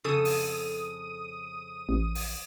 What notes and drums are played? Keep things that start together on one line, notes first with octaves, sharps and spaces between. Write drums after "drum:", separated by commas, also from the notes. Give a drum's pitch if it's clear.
F2 C#3 A4 D#6 D#7
drum: open hi-hat
A1
drum: open hi-hat